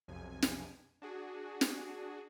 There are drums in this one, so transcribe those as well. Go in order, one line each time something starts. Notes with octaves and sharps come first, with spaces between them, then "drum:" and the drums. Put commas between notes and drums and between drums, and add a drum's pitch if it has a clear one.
B1 F2 C3 G#5
drum: snare
D4 F#4 G#4
drum: snare